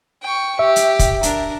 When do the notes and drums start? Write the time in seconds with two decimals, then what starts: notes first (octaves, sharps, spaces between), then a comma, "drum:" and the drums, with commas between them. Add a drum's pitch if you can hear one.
0.22 G5 C#6
0.59 G4 E5
0.76 drum: hi-hat
0.99 drum: kick, hi-hat
1.23 D4 A#4, drum: hi-hat